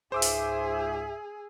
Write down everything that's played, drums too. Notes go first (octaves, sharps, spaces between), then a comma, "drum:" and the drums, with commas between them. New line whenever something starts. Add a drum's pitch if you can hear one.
C#2 G#2 G#4 C5 E5 D6 E6
drum: open hi-hat